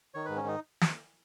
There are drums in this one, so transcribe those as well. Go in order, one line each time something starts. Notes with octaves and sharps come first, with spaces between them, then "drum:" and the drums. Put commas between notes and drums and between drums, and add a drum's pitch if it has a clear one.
D#3 C#5
G#2 B4
C#4
D#3 D#4
drum: snare